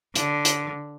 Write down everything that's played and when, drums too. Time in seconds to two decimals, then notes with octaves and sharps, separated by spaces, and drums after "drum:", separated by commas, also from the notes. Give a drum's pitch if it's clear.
0.15 D3, drum: hi-hat
0.45 drum: hi-hat